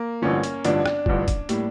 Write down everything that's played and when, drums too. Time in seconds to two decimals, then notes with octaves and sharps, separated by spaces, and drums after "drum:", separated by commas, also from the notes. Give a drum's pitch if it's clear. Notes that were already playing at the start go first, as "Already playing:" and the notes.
Already playing: A#3
0.22 A1 G2 D3 F3 C#4
0.43 drum: hi-hat
0.65 A1 G2 D3 F3 D4, drum: hi-hat
0.86 drum: rim click
1.06 A1 G2 D3 F3, drum: kick
1.28 drum: kick, hi-hat
1.49 A2 G3 A#3, drum: hi-hat